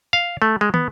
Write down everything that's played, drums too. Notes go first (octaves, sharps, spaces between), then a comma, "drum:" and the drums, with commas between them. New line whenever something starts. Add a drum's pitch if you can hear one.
F5
A3
G#3
B3, drum: tom